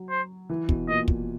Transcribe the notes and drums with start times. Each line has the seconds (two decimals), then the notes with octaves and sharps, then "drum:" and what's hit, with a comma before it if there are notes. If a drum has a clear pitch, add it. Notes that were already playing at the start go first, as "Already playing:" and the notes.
Already playing: F#3
0.10 C5
0.50 E3
0.69 B2, drum: kick
0.88 A#2 D#5
1.08 A#2, drum: kick